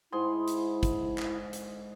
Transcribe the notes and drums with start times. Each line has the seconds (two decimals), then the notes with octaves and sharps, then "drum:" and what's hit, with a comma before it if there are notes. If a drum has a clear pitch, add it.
0.12 G#2 E4 G#4 C6
0.48 drum: hi-hat
0.83 drum: kick, hi-hat
1.18 drum: clap
1.53 drum: hi-hat